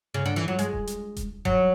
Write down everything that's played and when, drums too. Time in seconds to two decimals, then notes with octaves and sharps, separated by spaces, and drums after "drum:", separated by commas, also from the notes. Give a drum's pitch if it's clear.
0.14 C#3
0.26 D3
0.36 E3
0.48 F#3
0.59 G#3, drum: hi-hat
0.73 drum: kick D#1
0.87 drum: hi-hat
1.16 drum: kick D#1, hi-hat
1.45 F#3, drum: kick D#1